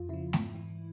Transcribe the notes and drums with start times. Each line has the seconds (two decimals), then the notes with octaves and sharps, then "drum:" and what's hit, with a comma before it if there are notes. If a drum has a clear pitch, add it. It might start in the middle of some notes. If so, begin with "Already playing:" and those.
Already playing: F2 F4
0.09 C#3 F3 E4
0.33 G#2, drum: snare A3
0.55 E3